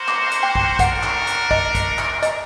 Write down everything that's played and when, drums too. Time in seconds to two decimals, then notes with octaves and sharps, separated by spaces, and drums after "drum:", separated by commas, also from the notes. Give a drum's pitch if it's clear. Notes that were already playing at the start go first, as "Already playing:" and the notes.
Already playing: A#3 F#4 C5
0.08 D6, drum: clap
0.32 drum: hi-hat
0.43 G5
0.55 drum: kick
0.79 D4 F#4 A#4 F#5, drum: kick, hi-hat
1.03 drum: clap
1.27 drum: hi-hat
1.51 D#5, drum: kick
1.75 drum: kick, hi-hat
1.99 drum: clap
2.23 D#5, drum: hi-hat